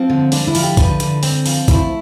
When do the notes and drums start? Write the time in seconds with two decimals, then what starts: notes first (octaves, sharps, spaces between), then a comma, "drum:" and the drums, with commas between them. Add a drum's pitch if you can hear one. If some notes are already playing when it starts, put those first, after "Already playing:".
Already playing: F3 C4
0.10 D3
0.32 D3 D4, drum: open hi-hat
0.47 E4
0.55 F3, drum: open hi-hat
0.63 G4
0.77 D3 B4, drum: kick, hi-hat
1.00 D3, drum: hi-hat
1.23 C4, drum: open hi-hat
1.46 F3, drum: open hi-hat
1.68 A3 E4, drum: kick, hi-hat